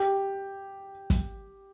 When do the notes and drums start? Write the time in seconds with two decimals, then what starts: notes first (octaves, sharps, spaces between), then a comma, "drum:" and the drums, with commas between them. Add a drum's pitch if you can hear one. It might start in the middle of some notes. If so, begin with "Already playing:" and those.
Already playing: G4
1.10 drum: kick, hi-hat